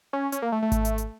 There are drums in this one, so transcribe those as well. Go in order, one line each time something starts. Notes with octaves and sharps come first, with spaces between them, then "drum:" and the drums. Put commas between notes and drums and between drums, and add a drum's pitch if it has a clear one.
C#4
C#4, drum: hi-hat
A#3
A3
A3
drum: kick G#1, hi-hat
drum: hi-hat
drum: hi-hat